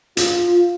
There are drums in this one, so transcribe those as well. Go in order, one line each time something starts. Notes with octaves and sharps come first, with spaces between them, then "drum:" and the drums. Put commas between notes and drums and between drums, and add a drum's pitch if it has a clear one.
F4, drum: hi-hat